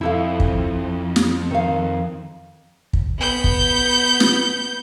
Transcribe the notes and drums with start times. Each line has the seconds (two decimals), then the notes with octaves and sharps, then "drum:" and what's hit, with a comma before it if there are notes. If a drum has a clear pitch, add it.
0.01 F2 E4 A4 F5
0.40 drum: kick
1.16 drum: snare
1.51 D#3 F5
2.93 drum: kick
3.19 B3 G6
3.44 drum: kick
4.20 drum: snare